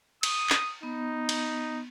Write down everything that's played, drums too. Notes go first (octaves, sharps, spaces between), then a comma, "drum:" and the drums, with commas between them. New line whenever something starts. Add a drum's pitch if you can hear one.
D#6, drum: cymbal
drum: clap
B3 D#4
drum: cymbal